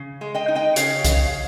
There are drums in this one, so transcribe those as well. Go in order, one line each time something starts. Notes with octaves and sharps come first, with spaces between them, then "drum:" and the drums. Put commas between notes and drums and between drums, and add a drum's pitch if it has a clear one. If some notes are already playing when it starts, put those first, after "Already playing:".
Already playing: C#3
G#3
D#5 G5
D#4
D#5 G5
C#3 C#5 F5, drum: hi-hat
C#3 C#5 F5, drum: kick C2, hi-hat
F5